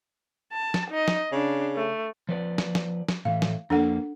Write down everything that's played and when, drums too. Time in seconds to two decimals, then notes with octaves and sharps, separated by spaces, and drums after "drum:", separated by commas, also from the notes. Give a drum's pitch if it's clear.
0.52 A5
0.74 drum: snare
0.90 D#4 D#5
1.08 drum: snare
1.32 C#3 D4
1.76 A3
2.29 F3 B4 D5
2.58 drum: snare
2.75 drum: snare
3.09 drum: snare
3.25 A2 E3 F5
3.42 drum: snare
3.70 F2 A#3 D4 A4 F#5